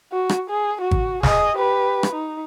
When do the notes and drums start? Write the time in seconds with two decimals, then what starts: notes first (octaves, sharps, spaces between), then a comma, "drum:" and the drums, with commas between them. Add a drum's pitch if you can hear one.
0.13 F#4
0.29 drum: rim click
0.50 G#4
0.81 F#4
0.91 drum: kick G#1
1.23 G#4 D#5, drum: snare
1.57 G4 B4
2.03 drum: rim click
2.13 D#4